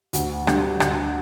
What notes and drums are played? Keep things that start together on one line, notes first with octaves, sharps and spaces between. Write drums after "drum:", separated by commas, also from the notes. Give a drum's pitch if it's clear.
D2, drum: hi-hat
D3 G3, drum: rim click
D2, drum: rim click